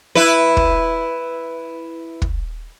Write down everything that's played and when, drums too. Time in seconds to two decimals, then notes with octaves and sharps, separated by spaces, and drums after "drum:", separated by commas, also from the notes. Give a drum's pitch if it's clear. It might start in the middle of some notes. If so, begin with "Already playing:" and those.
0.15 E4 B4
0.57 drum: kick
2.22 drum: kick